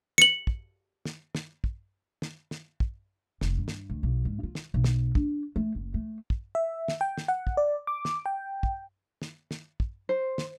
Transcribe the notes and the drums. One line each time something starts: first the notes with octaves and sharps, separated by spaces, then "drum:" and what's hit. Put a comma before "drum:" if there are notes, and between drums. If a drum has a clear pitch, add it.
C#7 F#7, drum: snare
drum: kick
drum: snare
drum: snare
drum: kick
drum: snare
drum: snare
drum: kick
F1, drum: snare
G2
drum: snare
D2
B1
G#2
F4
drum: snare
B1
drum: snare
D4, drum: kick
A3
F#1
A3
drum: kick
E5
drum: snare
G5
drum: snare
F#5
drum: kick
D5
D6
drum: snare
G5
drum: kick
drum: snare
drum: snare
drum: kick
C5
drum: snare